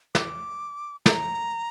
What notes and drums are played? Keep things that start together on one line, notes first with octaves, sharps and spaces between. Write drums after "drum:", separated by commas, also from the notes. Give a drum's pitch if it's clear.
D6, drum: snare
A#5, drum: snare